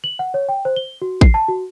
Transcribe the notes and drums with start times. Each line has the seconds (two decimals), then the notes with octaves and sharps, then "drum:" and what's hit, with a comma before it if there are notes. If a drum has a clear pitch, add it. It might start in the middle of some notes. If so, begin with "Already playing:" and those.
0.04 F#7
0.19 F#5
0.34 C#5
0.49 G5
0.65 C5
0.76 G7
1.02 F#4
1.21 C7, drum: kick A1
1.34 A5
1.48 F#4